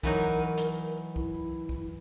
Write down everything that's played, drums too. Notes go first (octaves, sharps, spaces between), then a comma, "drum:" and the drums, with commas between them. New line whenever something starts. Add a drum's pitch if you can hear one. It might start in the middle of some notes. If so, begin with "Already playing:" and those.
E3 F#3 D#4 A#4, drum: kick C2
drum: hi-hat
E4, drum: kick C2
drum: kick C2